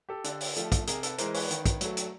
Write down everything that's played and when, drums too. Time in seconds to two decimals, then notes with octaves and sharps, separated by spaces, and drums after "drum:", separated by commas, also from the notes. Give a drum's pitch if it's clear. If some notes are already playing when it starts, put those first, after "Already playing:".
0.09 G4 A4
0.24 D3, drum: hi-hat
0.40 drum: open hi-hat
0.56 F3 A3, drum: hi-hat
0.72 drum: kick, hi-hat
0.87 C3 G#4 A#4, drum: hi-hat
1.03 A4 B4, drum: hi-hat
1.18 E3 G#3 A#4 C5, drum: hi-hat
1.34 B4 C#5, drum: open hi-hat
1.50 D#3, drum: hi-hat
1.66 drum: kick, hi-hat
1.81 F#3 A3, drum: hi-hat
1.97 drum: hi-hat